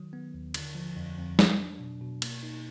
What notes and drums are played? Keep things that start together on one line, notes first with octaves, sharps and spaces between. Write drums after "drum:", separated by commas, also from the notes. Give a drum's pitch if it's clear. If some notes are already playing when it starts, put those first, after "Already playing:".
Already playing: D#3 F#3
B3
D#2
D3, drum: cymbal
F3
F2
F2
F#3, drum: snare
D4
B2
B2
A#3, drum: cymbal
D#4